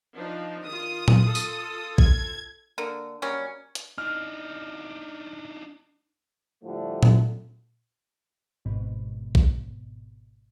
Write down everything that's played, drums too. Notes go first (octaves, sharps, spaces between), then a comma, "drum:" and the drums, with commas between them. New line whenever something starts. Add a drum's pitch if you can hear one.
F3 D4 D#4
D#3 F4 D#6
drum: tom A#2
F4 A4
drum: tambourine
G#6, drum: kick A#1
D3 A#3
F#3 G3 A#3 C#4
drum: hi-hat
D4 D#4 F6
A2 D3 F3 G3 A3
drum: tom A#2
G#1 G#2 B2
drum: kick A#1